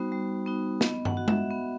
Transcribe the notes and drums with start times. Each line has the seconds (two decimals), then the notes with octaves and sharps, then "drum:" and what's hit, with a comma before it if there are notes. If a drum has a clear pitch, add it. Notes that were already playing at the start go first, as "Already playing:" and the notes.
Already playing: G3 B3 D#4 F#4 C5
0.12 G3
0.46 B3 D#4 F#4
0.81 B3 D#5, drum: snare
1.05 F#5, drum: tom
1.17 F#4
1.28 E5, drum: tom G#3
1.51 B3